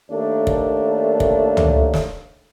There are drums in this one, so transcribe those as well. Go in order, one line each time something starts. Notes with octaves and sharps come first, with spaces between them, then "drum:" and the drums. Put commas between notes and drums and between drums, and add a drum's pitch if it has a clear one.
D#2 A3 A#3 D4
drum: kick
drum: kick
drum: tom
drum: snare